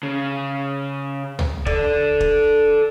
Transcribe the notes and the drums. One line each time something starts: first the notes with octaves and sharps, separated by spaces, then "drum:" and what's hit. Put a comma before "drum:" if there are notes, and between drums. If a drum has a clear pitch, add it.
C#3
drum: tom
A4 D5, drum: kick
drum: kick